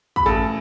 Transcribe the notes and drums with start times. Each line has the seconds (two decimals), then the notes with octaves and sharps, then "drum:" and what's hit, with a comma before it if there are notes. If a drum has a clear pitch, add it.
0.16 B5, drum: kick
0.26 A1 A4 A5